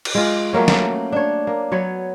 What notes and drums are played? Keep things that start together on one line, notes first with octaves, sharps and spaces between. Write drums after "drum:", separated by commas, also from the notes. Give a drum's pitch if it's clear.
drum: cymbal
G#3 F4
F#3 A3 A#3 C#4
drum: snare
D4 C#5
A#3
F#3 B3 C#5